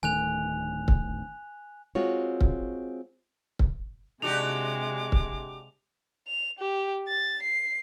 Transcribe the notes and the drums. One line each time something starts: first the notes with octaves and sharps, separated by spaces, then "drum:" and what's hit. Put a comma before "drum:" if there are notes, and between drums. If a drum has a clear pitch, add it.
D1 D#3 A3 G#5 F#6 F7
drum: kick C#1
G#3 C4 F4 F#4 C#5
drum: kick C#1
drum: kick C#1
C3 G#3 D4 F#4 G4 D6 F7
drum: kick C#1
F7
G4
A6
C7